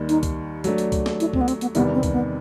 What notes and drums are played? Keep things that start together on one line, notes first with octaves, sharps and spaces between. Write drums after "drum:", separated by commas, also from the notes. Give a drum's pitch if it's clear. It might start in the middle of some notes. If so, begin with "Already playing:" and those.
Already playing: D#2 D#3 G3
D#4, drum: hi-hat
drum: kick C#2, hi-hat
F#3 A3 D4, drum: hi-hat
drum: hi-hat
drum: kick C#2, hi-hat
drum: snare
E4, drum: hi-hat
C4, drum: kick C#2
B3
C4, drum: hi-hat
B3, drum: hi-hat
E2 C3 D#3 G3 B3, drum: hi-hat
C4
drum: kick C#2, hi-hat
B3